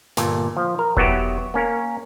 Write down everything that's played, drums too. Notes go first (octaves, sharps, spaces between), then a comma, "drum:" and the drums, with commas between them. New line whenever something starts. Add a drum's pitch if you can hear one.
G1 A#2 A4, drum: snare
F3
A#4
F#3 B3 E4 F#4 G4, drum: kick E1
A#3 C#4 A#4